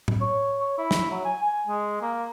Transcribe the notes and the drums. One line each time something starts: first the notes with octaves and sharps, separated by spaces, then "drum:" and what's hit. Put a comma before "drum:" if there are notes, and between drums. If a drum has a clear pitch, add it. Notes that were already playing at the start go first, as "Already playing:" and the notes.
drum: tom A2
C#5
C#5
E4
drum: snare
F#3
G#5
G#5
G#3
A#3